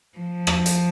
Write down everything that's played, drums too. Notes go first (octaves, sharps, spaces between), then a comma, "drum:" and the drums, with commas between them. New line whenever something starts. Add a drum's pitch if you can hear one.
F3
drum: rim click
drum: hi-hat